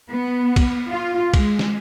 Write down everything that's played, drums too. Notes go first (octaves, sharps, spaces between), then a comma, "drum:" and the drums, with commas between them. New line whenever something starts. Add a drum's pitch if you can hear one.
B3
drum: kick, cymbal
F4
G#3, drum: kick, cymbal
drum: snare